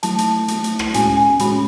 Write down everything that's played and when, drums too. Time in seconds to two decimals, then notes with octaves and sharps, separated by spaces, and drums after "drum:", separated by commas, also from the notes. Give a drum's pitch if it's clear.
0.03 F#3 A3 E4 A5, drum: hi-hat
0.18 drum: hi-hat
0.48 F#3 A3 E4, drum: hi-hat
0.64 drum: hi-hat
0.79 drum: rim click
0.94 A2 G#3 C#4 F#4 G#5, drum: hi-hat
1.17 G#5
1.39 A2 G#3 C#4 F#4 B5, drum: hi-hat